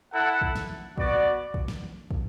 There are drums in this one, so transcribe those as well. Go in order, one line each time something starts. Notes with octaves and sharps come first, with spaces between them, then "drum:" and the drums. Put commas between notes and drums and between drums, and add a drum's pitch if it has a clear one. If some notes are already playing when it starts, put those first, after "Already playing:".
E4 A4 F#5
drum: kick
drum: snare
B3 F#4 D5, drum: kick
drum: kick
drum: snare
drum: kick